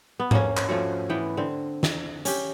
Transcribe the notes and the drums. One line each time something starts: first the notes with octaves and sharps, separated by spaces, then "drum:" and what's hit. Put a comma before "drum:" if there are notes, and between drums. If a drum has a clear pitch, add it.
B3
A#3 C#4, drum: tom G#2
drum: clap
F3 A3 C#4 F#4
E3 B3 G5
D3 C4
drum: snare
C#4 G4, drum: hi-hat